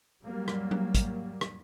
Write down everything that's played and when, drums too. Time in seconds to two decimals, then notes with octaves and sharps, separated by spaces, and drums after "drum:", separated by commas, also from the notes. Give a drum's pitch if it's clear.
0.24 F#3 G3 A#3
0.48 drum: rim click
0.71 drum: tom F#3
0.95 drum: kick, hi-hat
1.41 drum: rim click